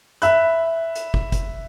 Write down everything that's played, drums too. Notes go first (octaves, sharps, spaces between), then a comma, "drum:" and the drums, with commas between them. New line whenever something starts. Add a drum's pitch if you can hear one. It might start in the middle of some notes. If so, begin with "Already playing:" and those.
E5 B5 F#6, drum: hi-hat
drum: hi-hat
drum: kick
drum: kick, hi-hat